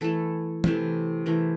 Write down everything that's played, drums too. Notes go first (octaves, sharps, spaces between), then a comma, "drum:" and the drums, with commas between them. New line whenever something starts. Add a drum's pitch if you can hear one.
E3 A3 A4
C3 E3 A3, drum: tom E3
E3 A3 A#4